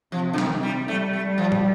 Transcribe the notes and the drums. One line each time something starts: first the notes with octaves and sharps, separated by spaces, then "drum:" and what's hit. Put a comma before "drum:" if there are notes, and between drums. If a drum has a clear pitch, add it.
C3 F3
D3
D#3, drum: snare
C3
G3
G3 A3
A3
G3
F3
drum: tom